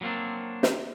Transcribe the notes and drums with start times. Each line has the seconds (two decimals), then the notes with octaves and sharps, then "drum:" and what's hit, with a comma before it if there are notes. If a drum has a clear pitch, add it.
0.01 F#3 G3 A#3 C4 D4
0.63 drum: snare